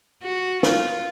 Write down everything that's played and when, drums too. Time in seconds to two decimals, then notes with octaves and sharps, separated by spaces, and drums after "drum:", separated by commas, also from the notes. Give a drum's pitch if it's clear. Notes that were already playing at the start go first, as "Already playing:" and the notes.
0.23 F#4
0.63 F4, drum: snare